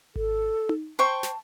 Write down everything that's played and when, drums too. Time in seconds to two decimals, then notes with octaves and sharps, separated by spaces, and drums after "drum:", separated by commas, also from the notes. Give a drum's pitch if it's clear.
0.16 A4, drum: kick G#1
0.69 drum: tom D#4
0.99 C5 G5 A5 C#6
1.23 drum: snare